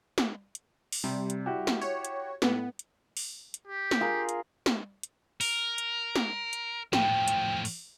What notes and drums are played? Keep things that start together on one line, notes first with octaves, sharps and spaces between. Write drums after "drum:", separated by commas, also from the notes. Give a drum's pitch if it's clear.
drum: snare
drum: hi-hat
drum: open hi-hat
C3 G3
drum: hi-hat
E4 F#4 G4
drum: snare
C#5
drum: hi-hat
A2 B3, drum: snare
drum: hi-hat
drum: open hi-hat
drum: hi-hat
G4
drum: snare
F4 G#4 A#4
drum: hi-hat
drum: snare
drum: hi-hat
A#4, drum: open hi-hat
drum: hi-hat
drum: snare
drum: hi-hat
A2 F3 G5, drum: snare
drum: hi-hat
drum: open hi-hat